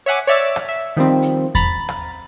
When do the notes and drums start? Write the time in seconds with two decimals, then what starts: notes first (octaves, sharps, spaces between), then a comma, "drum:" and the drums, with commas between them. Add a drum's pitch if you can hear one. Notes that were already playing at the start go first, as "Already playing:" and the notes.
0.06 C#5 E5 F#5 G#5 D6
0.27 C#5 D5 E5 D6 E6
0.56 drum: rim click
0.69 E5
0.97 D#3 F3 G3 C4
1.22 drum: hi-hat
1.55 A#5 B5 A6, drum: kick E2, hi-hat
1.89 drum: rim click